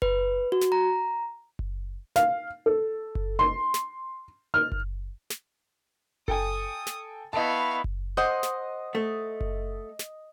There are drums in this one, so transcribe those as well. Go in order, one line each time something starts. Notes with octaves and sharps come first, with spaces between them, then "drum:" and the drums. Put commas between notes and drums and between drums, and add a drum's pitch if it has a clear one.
B4, drum: kick F#1
F#4
drum: snare
A#5
drum: kick F#1
F5, drum: snare
A4
drum: kick F#1
C6
drum: snare
F6
drum: kick F#1
drum: snare
A4 G5 G#5 D#6, drum: kick F#1
drum: snare
B3 E4 D#5 F5 A5 C#6
drum: kick F#1
C5 D#5 F#5
drum: snare
A3
drum: kick F#1
drum: snare